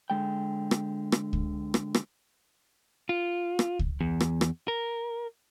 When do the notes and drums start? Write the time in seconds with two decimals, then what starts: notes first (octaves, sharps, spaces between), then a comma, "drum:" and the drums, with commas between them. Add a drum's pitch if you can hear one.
0.10 D3 G#3 G5
0.71 drum: rim click
1.12 drum: rim click
1.33 drum: kick C#2
1.74 drum: rim click
1.94 drum: rim click
3.09 F4
3.59 drum: rim click
3.79 drum: kick C#2
4.01 E2
4.20 drum: rim click
4.41 drum: rim click
4.68 A#4